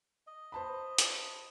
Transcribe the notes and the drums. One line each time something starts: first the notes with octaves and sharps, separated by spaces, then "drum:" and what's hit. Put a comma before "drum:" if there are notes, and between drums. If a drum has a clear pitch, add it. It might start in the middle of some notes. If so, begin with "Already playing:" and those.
D#5
C5 A5 B5
drum: hi-hat